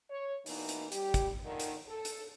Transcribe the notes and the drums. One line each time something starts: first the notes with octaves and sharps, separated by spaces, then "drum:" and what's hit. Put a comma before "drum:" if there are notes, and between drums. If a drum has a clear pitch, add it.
C#5
B2 E3 A#3 D#4 E4, drum: open hi-hat
drum: hi-hat
G3 G4, drum: hi-hat
drum: kick, hi-hat
A#2 D3 D#3
drum: hi-hat
A4
drum: hi-hat